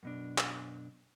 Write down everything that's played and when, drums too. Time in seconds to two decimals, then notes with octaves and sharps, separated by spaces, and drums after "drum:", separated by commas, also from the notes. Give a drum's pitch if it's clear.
0.03 F#2 B2 D4
0.38 drum: clap